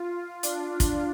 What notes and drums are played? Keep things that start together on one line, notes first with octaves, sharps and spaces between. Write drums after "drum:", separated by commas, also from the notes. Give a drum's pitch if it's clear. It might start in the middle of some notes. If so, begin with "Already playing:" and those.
Already playing: F4
D4, drum: hi-hat
drum: kick, hi-hat